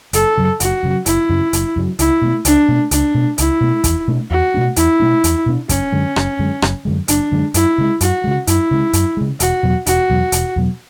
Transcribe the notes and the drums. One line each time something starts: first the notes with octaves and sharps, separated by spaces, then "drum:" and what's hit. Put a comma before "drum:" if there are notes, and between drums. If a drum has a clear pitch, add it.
F#1 A4, drum: hi-hat
F#2 C#3 F#3
F#1 F#4, drum: hi-hat
F#2 C#3 F#3
F#1 E4, drum: hi-hat
F#2 C#3 F#3
F#1, drum: hi-hat
F#2 C#3 F#3
C#2 E4, drum: hi-hat
B2 A3
C#2 D4, drum: hi-hat
B2 A3
C#2 D4, drum: hi-hat
B2 A3
C#2 E4, drum: hi-hat
B2 A3
E2, drum: kick, hi-hat
B2 A3 D4
E2 F#4
B2 A3 D4
E2 E4, drum: hi-hat
B2 A3 D4
E2, drum: hi-hat
B2 A3 D4
F#1 C#4, drum: kick, hi-hat
F#2 D3 G#3
F#1, drum: rim click
F#2 D3 G#3
F#1, drum: rim click
F#2 D3 G#3
F#1 D4, drum: hi-hat
F#2 D3 G#3
F#2 E4, drum: hi-hat
C#3 G#3
F#2 F#4, drum: hi-hat
C#3 G#3
F#2 E4, drum: hi-hat
C#3 G#3
F#2, drum: hi-hat
C#3 G#3
E1 F#4, drum: hi-hat
E2 B2 F#3
E1 F#4, drum: hi-hat
E2 B2 F#3
E1, drum: hi-hat
E2 B2 F#3